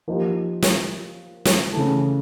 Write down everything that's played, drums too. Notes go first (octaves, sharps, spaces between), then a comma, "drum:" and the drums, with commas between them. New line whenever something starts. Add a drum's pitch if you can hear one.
F3 A#3 D#4 G4
drum: snare
drum: snare
C#3 E3 A3